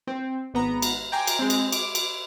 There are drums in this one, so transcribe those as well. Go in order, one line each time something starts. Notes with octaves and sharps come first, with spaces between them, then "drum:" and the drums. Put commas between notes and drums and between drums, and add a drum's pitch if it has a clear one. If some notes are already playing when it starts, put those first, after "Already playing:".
C4
G#1 B3 A#5
drum: cymbal
G5 G#5 A#5 C6 D6
drum: cymbal
G#3 C4
drum: cymbal
D6, drum: cymbal
drum: cymbal